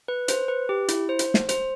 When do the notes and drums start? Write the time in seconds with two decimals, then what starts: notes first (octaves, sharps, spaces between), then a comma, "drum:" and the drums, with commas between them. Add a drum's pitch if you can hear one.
0.08 B4
0.28 C5, drum: hi-hat
0.48 B4
0.69 G4
0.88 E4, drum: hi-hat
1.09 C5
1.19 drum: hi-hat
1.34 drum: snare
1.49 C5, drum: hi-hat